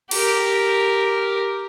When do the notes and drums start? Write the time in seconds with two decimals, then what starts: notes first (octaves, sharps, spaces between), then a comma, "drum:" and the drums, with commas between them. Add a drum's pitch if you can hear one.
0.11 G4 A#4, drum: cymbal